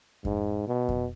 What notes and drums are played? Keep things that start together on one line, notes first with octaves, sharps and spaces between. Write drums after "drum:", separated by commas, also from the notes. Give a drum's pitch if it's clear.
G#2, drum: kick F2
B2
drum: kick F2